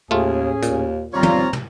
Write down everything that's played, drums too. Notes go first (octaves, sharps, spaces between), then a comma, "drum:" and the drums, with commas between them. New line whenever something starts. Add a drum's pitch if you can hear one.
D#2 A2 A3 C#4 F4 G#4
D#2 A#2, drum: hi-hat
D#2 G3 C4 F4 C#5 D5 A#5
drum: tom
drum: tom